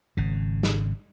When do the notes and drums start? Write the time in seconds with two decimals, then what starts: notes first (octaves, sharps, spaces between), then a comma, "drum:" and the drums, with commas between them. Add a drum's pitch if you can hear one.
0.17 G#1 C#3
0.63 drum: snare